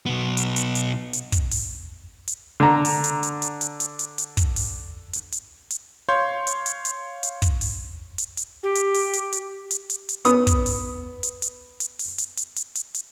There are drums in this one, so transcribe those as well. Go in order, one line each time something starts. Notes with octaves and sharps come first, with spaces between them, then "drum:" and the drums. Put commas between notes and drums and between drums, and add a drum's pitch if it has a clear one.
B1 B3
drum: hi-hat
drum: hi-hat
drum: hi-hat
drum: hi-hat
drum: kick, hi-hat
drum: open hi-hat
drum: hi-hat
D3 A#5
drum: open hi-hat
drum: hi-hat
drum: hi-hat
drum: hi-hat
drum: hi-hat
drum: hi-hat
drum: hi-hat
drum: hi-hat
drum: kick, hi-hat
drum: open hi-hat
drum: hi-hat
drum: hi-hat
drum: hi-hat
C#5 F5 C6 G6
drum: hi-hat
drum: hi-hat
drum: hi-hat
drum: hi-hat
drum: kick, hi-hat
drum: open hi-hat
drum: hi-hat
drum: hi-hat
G4
drum: hi-hat
drum: open hi-hat
drum: hi-hat
drum: hi-hat
drum: hi-hat
drum: hi-hat
drum: hi-hat
B3 D#6, drum: hi-hat
drum: kick, hi-hat
drum: open hi-hat
drum: hi-hat
drum: hi-hat
drum: hi-hat
drum: open hi-hat
drum: hi-hat
drum: hi-hat
drum: hi-hat
drum: hi-hat
drum: hi-hat